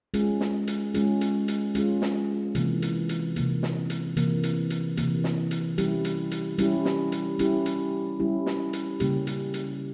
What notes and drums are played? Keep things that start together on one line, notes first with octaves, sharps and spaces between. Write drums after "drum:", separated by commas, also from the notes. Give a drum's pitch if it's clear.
G#3 C#4 F4 G#4, drum: hi-hat
drum: snare
drum: hi-hat
G#3 C#4 F4 G#4, drum: hi-hat
drum: hi-hat
drum: hi-hat
G#3 C#4 F4 G#4, drum: hi-hat
drum: snare
C3 E3 A#3, drum: hi-hat
drum: hi-hat
drum: hi-hat
C3 E3 A#3, drum: hi-hat
drum: snare
drum: hi-hat
C3 E3 A#3, drum: hi-hat
drum: hi-hat
drum: hi-hat
C3 E3 A#3, drum: hi-hat
drum: snare
drum: hi-hat
G3 C#4 E4 G4, drum: hi-hat
drum: hi-hat
drum: hi-hat
G3 C#4 E4 G4, drum: hi-hat
drum: snare
drum: hi-hat
G3 C#4 E4 G4, drum: hi-hat
drum: hi-hat
G3 C#4 E4 G4
drum: snare
drum: hi-hat
C#3 G3 A#3 C#4 G4, drum: hi-hat
drum: hi-hat
drum: hi-hat